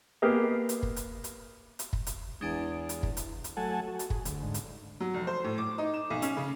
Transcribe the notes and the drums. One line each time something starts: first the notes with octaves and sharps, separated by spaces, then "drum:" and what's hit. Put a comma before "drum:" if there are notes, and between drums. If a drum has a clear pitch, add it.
A#3 B3 G4 G#4 A#4
drum: hi-hat
drum: kick
drum: hi-hat
drum: hi-hat
drum: hi-hat
drum: kick
drum: hi-hat
E2 G#3 D4 G#5
drum: hi-hat
drum: kick
drum: hi-hat
drum: hi-hat
F#3 A3 A4 F#5 G#5 A5
F#4
drum: hi-hat
G#4, drum: kick
D2, drum: hi-hat
G#2 D3
drum: hi-hat
F#3
F1
C5
A2
D6
D#4
E7
B1
C#4, drum: hi-hat
C#3